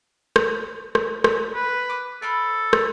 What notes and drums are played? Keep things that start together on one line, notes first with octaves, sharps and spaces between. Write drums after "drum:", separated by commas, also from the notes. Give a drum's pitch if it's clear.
drum: rim click
drum: rim click
E6, drum: rim click
B4
D6 F#6
A4 A#4 C5 B5
drum: rim click